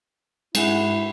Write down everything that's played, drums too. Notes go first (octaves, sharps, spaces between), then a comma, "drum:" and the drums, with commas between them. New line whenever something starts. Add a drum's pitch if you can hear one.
G#2 E4 G#4 F#5, drum: cymbal